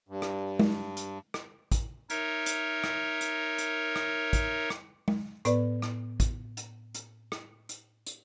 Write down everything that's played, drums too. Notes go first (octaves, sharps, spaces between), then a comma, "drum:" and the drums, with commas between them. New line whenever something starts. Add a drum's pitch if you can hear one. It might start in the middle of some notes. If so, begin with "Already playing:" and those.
G2
drum: rim click
drum: tom G#3
drum: hi-hat
drum: rim click
drum: kick, hi-hat
D#4 A#4 C#5 E5, drum: hi-hat
drum: hi-hat
drum: rim click
drum: hi-hat
drum: hi-hat
drum: rim click
drum: kick, hi-hat
drum: rim click
drum: tom G#3
A2 B3 B4 D5, drum: hi-hat
drum: rim click
drum: kick, hi-hat
drum: hi-hat
drum: hi-hat
drum: rim click
drum: hi-hat
drum: hi-hat